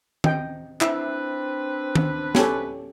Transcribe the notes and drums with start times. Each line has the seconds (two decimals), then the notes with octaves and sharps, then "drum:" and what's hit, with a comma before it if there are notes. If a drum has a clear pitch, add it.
0.24 C4 D#5 G5, drum: tom D#3
0.81 C4 D4 E4 B4 E5, drum: clap
1.95 drum: tom D#3
2.35 C#4 G4 A4, drum: snare